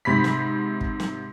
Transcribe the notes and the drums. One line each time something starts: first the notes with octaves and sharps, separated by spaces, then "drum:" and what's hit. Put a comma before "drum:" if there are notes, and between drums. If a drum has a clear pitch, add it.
G#2 C3 B5 B6
drum: snare
drum: kick
drum: snare